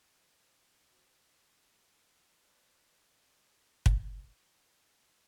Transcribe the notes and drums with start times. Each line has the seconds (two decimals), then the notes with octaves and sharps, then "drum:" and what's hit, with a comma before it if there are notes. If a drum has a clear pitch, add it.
0.18 C5 E5 B5
0.42 C5
0.92 C#4 F#4 G4 C5
1.50 G4 D#5 D#6
1.91 G5 B5
2.18 A#4 F#5 C6
2.47 B4 C5 D5 A5 F#6 A#6
3.86 drum: kick